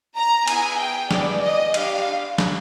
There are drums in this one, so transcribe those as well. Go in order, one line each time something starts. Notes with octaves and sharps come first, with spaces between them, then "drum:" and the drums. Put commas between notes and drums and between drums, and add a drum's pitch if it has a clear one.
A#5
B3 E4 G#4 G#5, drum: cymbal
G5
B3 E4 G#4 D5, drum: snare
D#5
D4 G4 F5, drum: cymbal
drum: snare